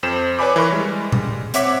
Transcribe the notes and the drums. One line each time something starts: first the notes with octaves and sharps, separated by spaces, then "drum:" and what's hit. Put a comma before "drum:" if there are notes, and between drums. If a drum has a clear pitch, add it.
F2 C5 E7
B4 C#5 D5 G#5 B5 D6
E3 A#4 B5 C#6
G3 G#3
drum: tom A#2
C4 C#5 E5 F#5 D6 B6, drum: hi-hat